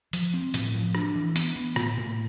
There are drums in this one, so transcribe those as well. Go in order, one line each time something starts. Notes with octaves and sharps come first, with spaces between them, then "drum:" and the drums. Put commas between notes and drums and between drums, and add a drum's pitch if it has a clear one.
F3, drum: hi-hat
C4
A2, drum: hi-hat
F3
D4, drum: rim click
E3
B3, drum: hi-hat
B3
A2, drum: rim click
A2